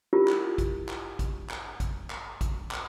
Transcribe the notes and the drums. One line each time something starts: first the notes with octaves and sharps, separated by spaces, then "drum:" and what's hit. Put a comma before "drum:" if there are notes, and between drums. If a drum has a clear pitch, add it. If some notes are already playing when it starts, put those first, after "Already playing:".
E4 F4 G4 A#4
drum: clap
drum: kick A1, hi-hat
drum: clap
drum: kick A1, hi-hat
drum: clap
drum: kick A1, hi-hat
drum: clap
drum: kick A1, hi-hat
drum: clap